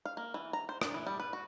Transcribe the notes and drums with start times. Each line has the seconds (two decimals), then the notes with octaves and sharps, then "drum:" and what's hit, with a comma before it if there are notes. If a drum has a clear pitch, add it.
0.05 F5
0.17 A#3
0.34 E3
0.53 A#5
0.69 C5
0.82 D4, drum: rim click
0.94 E3
1.07 G3
1.20 B4
1.33 F#4